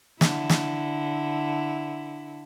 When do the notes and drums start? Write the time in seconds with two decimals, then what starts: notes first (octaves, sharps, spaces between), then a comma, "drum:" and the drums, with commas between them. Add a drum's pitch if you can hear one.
0.21 D3 E4, drum: snare
0.50 drum: snare